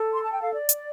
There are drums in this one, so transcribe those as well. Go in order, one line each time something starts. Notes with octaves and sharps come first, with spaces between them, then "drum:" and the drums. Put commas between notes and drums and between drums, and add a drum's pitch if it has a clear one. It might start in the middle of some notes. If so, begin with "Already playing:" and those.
Already playing: A4
C6
A5
G5
F5
D5
drum: hi-hat